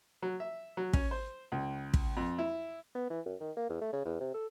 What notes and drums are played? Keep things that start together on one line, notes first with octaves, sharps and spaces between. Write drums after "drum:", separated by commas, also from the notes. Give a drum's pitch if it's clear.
F#3
E5
F#3
C#4, drum: kick
C5
C#2
drum: kick
F2
E4
B3
E3
F#2
D#3
A#3
E2
A3
C#3
E2
C3
A4